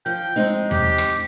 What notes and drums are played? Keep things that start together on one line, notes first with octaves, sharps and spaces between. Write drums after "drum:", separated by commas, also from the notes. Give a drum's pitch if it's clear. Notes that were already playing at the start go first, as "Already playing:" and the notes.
F3 G5
G#3 C4 D#4
G4, drum: tom E2
drum: rim click